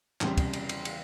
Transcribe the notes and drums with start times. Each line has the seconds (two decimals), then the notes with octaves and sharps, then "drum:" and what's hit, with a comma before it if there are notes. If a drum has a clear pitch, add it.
0.21 E2 C#3 G3 C4, drum: clap
0.37 drum: kick, cymbal
0.53 drum: cymbal
0.69 drum: cymbal
0.85 drum: cymbal